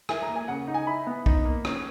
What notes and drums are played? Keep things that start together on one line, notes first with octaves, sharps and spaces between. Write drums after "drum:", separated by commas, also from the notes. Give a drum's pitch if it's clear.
E4 G#5, drum: rim click
A#5
A#3
G#5
C#3 F#5
D#4
G#5
E4 B5
B3
D#4, drum: kick B1
A#3
C#4, drum: rim click